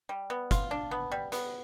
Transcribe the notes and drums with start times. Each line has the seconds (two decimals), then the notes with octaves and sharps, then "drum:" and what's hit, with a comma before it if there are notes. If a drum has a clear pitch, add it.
0.09 G3
0.30 B3
0.51 F4, drum: kick, hi-hat
0.71 D4
0.91 B3
1.12 G3
1.32 B3, drum: hi-hat